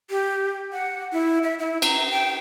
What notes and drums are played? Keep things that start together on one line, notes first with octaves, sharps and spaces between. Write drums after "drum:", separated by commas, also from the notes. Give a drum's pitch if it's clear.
G4
F#5
E4
E5
E4
A#5, drum: cymbal
G5